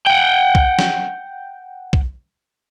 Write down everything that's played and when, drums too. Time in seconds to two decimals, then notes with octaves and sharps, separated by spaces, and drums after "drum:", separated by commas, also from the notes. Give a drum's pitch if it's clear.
0.06 F#5 G5
0.55 drum: kick C2
0.79 drum: snare
1.93 drum: kick C2